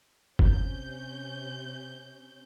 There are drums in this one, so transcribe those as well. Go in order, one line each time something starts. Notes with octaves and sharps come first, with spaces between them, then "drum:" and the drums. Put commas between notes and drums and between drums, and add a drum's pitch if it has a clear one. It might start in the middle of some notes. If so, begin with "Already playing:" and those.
C3 C#4 G6, drum: kick F#1